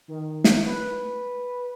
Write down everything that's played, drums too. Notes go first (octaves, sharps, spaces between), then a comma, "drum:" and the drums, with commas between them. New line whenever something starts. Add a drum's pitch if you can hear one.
D#3
drum: snare
B4